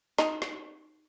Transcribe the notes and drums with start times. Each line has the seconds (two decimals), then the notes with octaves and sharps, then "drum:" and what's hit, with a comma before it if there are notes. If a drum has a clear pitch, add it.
0.18 D#4, drum: snare
0.42 drum: snare